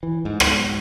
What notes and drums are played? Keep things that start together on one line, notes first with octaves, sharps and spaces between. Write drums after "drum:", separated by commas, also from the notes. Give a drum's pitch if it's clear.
E3
G#2
drum: rim click